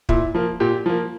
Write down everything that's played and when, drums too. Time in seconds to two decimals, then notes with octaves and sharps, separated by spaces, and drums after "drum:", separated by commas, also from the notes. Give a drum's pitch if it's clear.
0.09 A#2 E4, drum: kick
0.35 F3 A#3
0.60 A#2 G4
0.86 F3 A#3